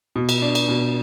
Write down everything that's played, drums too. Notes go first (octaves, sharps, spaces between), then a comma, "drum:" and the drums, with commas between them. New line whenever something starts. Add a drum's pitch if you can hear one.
B2
drum: cymbal
D4
drum: cymbal
B2